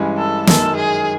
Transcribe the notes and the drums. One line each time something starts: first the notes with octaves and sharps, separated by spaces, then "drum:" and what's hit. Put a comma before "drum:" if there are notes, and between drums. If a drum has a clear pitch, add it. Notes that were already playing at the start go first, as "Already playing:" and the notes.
Already playing: G2 E3 G#3 C#4
A4
F#2 D#3 G#3 A4, drum: snare
G#4